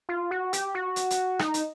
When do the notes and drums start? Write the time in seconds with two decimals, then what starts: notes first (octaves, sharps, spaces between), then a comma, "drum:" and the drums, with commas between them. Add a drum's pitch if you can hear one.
0.09 F4
0.31 F#4
0.53 G4, drum: hi-hat
0.75 F#4
0.96 drum: hi-hat
1.11 drum: hi-hat
1.39 D#4, drum: rim click
1.54 drum: hi-hat